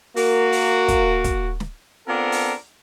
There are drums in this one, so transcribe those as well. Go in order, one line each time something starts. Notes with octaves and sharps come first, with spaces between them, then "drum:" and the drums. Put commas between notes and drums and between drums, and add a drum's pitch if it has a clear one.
A#3 F#4, drum: open hi-hat
drum: open hi-hat
drum: kick, hi-hat
drum: kick, hi-hat
drum: snare
B3 C4 D4 F4 A4 A#4
drum: open hi-hat